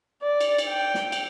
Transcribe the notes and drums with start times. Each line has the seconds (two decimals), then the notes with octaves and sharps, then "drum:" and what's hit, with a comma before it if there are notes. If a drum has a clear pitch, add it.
0.23 D5
0.41 drum: cymbal
0.58 drum: cymbal
0.69 G5
0.94 drum: snare
1.12 drum: cymbal